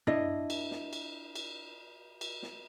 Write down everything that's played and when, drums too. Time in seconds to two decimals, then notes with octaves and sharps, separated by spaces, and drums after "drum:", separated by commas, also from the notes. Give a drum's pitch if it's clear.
0.07 D4 E4 D#5, drum: tom
0.50 drum: cymbal
0.71 drum: snare
0.93 drum: cymbal
1.35 drum: cymbal
2.21 drum: cymbal
2.43 drum: snare